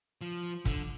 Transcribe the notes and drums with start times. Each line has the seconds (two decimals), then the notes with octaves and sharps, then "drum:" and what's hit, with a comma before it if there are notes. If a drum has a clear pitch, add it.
0.21 F3
0.65 D3, drum: kick, hi-hat